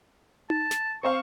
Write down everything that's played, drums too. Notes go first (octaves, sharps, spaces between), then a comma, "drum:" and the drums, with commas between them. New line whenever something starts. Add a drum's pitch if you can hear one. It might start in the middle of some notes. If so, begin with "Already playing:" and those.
A5, drum: tom D#4
drum: snare
C4 C5 F5 C#6